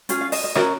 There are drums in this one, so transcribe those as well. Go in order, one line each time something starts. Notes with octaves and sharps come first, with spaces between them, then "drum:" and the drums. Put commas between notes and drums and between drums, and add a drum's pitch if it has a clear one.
C#4 F4 G#4, drum: hi-hat
F5
D#5, drum: open hi-hat
D#5
C#4 F#4 A#4 C#5, drum: rim click